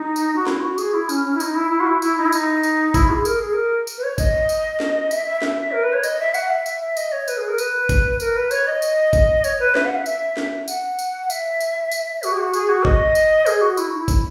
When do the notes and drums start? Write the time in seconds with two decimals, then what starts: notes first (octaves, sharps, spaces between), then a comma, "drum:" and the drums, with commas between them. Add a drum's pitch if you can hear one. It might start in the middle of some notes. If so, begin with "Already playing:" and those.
Already playing: D#4
0.16 drum: tambourine
0.36 F#4
0.47 E4, drum: snare
0.62 F#4
0.78 G#4, drum: tambourine
0.94 E4
1.09 C#4, drum: tambourine
1.24 C#4
1.35 E4
1.40 D#4, drum: tambourine
1.55 E4
1.71 E4
1.80 F#4
1.86 E4
2.02 E4, drum: tambourine
2.17 D#4
2.25 E4
2.32 D#4, drum: tambourine
2.63 drum: tambourine
2.94 E4, drum: kick, tambourine
3.10 G#4
3.25 A#4, drum: tambourine
3.39 G#4
3.53 A#4
3.87 drum: tambourine
3.98 B4
4.03 C#5
4.18 D#5, drum: kick, tambourine
4.49 drum: tambourine
4.80 drum: snare
5.11 E5, drum: tambourine
5.27 E5
5.42 E5, drum: snare
5.72 A#4
5.83 B4
5.93 C#5
6.03 D#5, drum: tambourine
6.20 E5
6.34 F#5, drum: tambourine
6.50 E5
6.66 E5, drum: tambourine
6.81 E5
6.97 D#5, drum: tambourine
7.12 C#5
7.28 B4, drum: tambourine
7.37 G#4
7.48 A#4
7.58 B4, drum: tambourine
7.89 drum: kick, tambourine
8.20 A#4, drum: tambourine
8.36 B4
8.51 C#5, drum: tambourine
8.67 D#5
8.82 drum: tambourine
9.13 drum: kick, tambourine
9.44 C#5, drum: tambourine
9.60 B4
9.75 E5, drum: snare
9.85 F#5
9.96 E5
10.06 E5, drum: tambourine
10.37 drum: snare
10.68 F#5, drum: tambourine
10.99 drum: tambourine
11.30 E5, drum: tambourine
11.61 drum: tambourine
11.91 drum: tambourine
12.23 F#4, drum: tambourine
12.32 G#4
12.38 F#4
12.53 G#4, drum: tambourine
12.69 F#4
12.85 D#5, drum: kick
13.15 drum: tambourine
13.46 G#4, drum: tambourine
13.61 F#4
13.77 E4, drum: tambourine
13.88 D#4
13.98 E4
14.08 drum: kick, tambourine